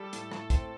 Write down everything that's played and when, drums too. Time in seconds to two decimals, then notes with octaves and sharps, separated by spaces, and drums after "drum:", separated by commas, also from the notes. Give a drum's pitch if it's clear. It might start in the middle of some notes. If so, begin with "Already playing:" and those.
Already playing: G3 A4
0.13 A2, drum: hi-hat
0.32 A2, drum: rim click
0.50 C4, drum: kick, hi-hat